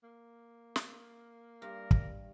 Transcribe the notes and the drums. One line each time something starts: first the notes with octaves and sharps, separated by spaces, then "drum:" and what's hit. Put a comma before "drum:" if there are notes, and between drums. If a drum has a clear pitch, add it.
A#3
drum: snare
G2 A#4
drum: kick